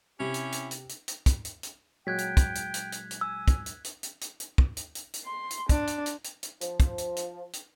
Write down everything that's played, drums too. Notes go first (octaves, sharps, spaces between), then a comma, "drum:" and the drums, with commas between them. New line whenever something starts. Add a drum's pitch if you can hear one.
C3 C#4 E4 G4
drum: hi-hat
drum: hi-hat
drum: hi-hat
drum: hi-hat
drum: hi-hat
drum: kick, hi-hat
drum: hi-hat
drum: hi-hat
A#2 F#3 G#3 G5 F#6 G#6 B6
drum: hi-hat
drum: kick, hi-hat
drum: hi-hat
drum: hi-hat
drum: hi-hat
drum: hi-hat
G#5 E6
drum: kick, hi-hat
drum: hi-hat
drum: hi-hat
drum: hi-hat
drum: hi-hat
drum: hi-hat
drum: kick
drum: hi-hat
drum: hi-hat
drum: hi-hat
C6
drum: hi-hat
D4, drum: kick, hi-hat
drum: hi-hat
drum: hi-hat
drum: hi-hat
drum: hi-hat
F3, drum: hi-hat
drum: kick, hi-hat
drum: hi-hat
drum: hi-hat
drum: hi-hat